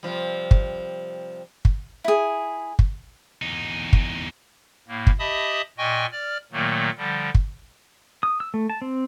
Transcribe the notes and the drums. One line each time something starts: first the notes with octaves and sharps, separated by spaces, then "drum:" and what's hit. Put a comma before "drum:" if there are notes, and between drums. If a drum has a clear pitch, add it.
C3 F3 G3
drum: kick
drum: kick
E4 G#4
drum: kick
E2 D#4
drum: kick
A2 A#3
drum: kick
G4 D#5 E5 A5 B5 D#6
A#2 D#5 G5 G#5 C#6
D5 F6
A#2 D#3 F#3 A3 A#3
D3 F3 G3
drum: kick
D#6
E6
A3
A5
C4